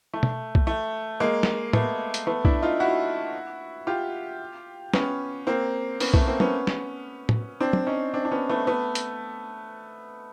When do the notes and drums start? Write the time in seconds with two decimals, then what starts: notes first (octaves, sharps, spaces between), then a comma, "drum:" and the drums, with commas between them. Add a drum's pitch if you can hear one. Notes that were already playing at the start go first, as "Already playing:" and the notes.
0.14 A3
0.23 drum: tom
0.55 drum: kick
0.67 A3
1.20 G#3 A#3
1.43 drum: snare
1.73 A3 B3, drum: tom
2.14 drum: hi-hat
2.27 A3 B3
2.45 D4 E4, drum: kick
2.62 D#4 F4
2.80 E4 F#4
3.87 F4 G4
4.94 B3 C#4, drum: snare
5.47 A#3 C4
6.00 B3 C#4, drum: open hi-hat
6.14 A3 B3, drum: kick
6.27 A#3 C4
6.40 B3 C#4, drum: tom
6.67 drum: snare
7.29 drum: tom
7.60 C4 D4
7.73 drum: tom
7.87 C#4 D#4
8.14 C4 D4
8.25 D4
8.31 B3 C#4
8.49 A3 B3
8.67 A3 B3
8.95 drum: hi-hat